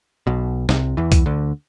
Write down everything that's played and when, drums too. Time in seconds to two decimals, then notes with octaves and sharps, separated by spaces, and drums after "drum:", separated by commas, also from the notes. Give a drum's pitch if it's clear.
0.27 B1 B2
0.69 C2 C3, drum: snare
0.97 E2 E3
1.12 drum: kick, hi-hat
1.26 D2 D3